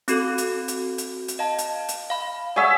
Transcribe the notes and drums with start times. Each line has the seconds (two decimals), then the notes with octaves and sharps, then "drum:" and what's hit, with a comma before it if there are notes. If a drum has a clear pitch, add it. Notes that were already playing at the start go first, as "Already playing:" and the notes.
0.08 C4 F#4 A4, drum: hi-hat
0.38 drum: hi-hat
0.68 drum: hi-hat
0.98 drum: hi-hat
1.28 drum: hi-hat
1.39 D#5 F5 A5
1.58 drum: hi-hat
1.88 drum: hi-hat
2.10 F5 B5
2.56 G#4 C#5 D5 E5 F#5 E6